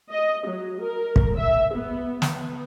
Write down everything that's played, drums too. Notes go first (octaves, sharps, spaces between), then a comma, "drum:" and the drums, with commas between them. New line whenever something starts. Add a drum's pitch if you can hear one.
D#5
F#3
A#4
drum: kick
E5
B3
B3, drum: snare